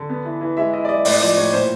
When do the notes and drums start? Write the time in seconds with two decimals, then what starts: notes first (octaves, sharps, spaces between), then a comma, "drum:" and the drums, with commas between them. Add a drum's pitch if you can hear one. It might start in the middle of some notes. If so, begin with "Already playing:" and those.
Already playing: D3
0.09 B3
0.25 E3
0.41 E3
0.57 G#3 E5
0.73 E4 D#5
0.85 D5
0.89 G#3 D#5
1.05 A2 D5, drum: open hi-hat
1.13 D#5
1.20 F3 D5
1.37 A2 C#5
1.53 A#2 C5